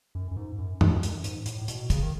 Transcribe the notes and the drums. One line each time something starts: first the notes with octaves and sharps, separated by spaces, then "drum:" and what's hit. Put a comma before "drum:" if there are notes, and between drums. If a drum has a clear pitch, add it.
F#2
F#2
G#2
F#2
E2, drum: tom F#2
F#2, drum: hi-hat
G#2, drum: hi-hat
A2, drum: hi-hat
A2
B2, drum: hi-hat
C#3, drum: kick, hi-hat
D#3